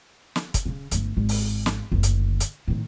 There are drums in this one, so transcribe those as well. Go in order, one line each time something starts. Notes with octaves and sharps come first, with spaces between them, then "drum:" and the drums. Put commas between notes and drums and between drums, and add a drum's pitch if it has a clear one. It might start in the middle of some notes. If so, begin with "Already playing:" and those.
drum: snare
drum: kick, hi-hat
C#3 C#4
G1 A3, drum: hi-hat
G#1
drum: open hi-hat
drum: snare
F#1 D2
drum: hi-hat
drum: hi-hat
A2 D#3